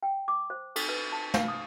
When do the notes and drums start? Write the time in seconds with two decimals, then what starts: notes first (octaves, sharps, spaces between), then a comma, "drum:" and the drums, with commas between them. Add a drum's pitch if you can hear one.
0.03 G5
0.28 D6
0.50 C5
0.76 A4, drum: cymbal
0.89 B4
1.12 A5
1.34 F5, drum: snare
1.48 D#6